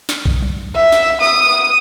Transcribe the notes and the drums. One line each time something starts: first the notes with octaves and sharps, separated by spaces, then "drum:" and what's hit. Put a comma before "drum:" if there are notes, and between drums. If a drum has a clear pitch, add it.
drum: snare
drum: kick B1
drum: tom F#3
E5
drum: snare
D#6